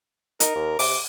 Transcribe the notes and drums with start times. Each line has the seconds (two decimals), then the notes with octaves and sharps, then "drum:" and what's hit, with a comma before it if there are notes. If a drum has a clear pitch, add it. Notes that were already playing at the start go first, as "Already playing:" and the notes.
0.40 D#4 A#4, drum: hi-hat
0.56 D#2
0.79 C3 D6, drum: open hi-hat